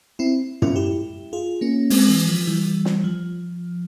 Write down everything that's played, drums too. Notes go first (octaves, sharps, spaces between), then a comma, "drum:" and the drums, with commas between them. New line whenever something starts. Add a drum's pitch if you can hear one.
C4 E4
C#4 F4, drum: tom
E4 G4
F4 G#4
A#3 C#4
G#3 C4, drum: open hi-hat
E3
F3
E3 G3
drum: snare
F3